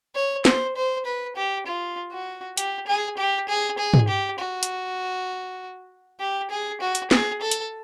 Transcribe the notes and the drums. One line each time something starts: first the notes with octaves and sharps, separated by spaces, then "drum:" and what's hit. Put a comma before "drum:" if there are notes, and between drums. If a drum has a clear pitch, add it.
C#5
C5, drum: snare
C5
B4
G4
F4
F#4
G4, drum: hi-hat
G#4
G4
G#4
G#4
drum: tom
G4
F#4
drum: hi-hat
G4
G#4
F#4
drum: hi-hat
G#4, drum: snare
A4
drum: hi-hat